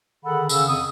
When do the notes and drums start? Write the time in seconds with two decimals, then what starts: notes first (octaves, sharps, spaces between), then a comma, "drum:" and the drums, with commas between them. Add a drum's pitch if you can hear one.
0.25 D3 D#3 G#4 A4 F#5 B5
0.49 C#3 C#4 E6, drum: tambourine
0.68 F2 D#6